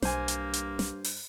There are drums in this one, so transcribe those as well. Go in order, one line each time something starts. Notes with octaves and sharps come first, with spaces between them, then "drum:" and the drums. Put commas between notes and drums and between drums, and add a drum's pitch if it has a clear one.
B1 G2 A#3 C5 G#5, drum: snare
drum: hi-hat
drum: hi-hat
drum: snare
drum: open hi-hat